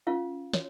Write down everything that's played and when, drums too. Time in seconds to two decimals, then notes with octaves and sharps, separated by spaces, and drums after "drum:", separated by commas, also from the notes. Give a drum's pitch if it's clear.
0.07 C#4 F4 F5
0.53 F#4 C#5, drum: snare